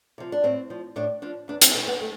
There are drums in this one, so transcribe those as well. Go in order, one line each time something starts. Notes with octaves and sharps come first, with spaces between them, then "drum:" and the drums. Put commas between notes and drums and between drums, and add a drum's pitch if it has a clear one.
C3 F3
D4
A2 C4
F3
A2 D4
F3 D4
E2 D4
C4, drum: hi-hat
B2 G3 B3
B3
A3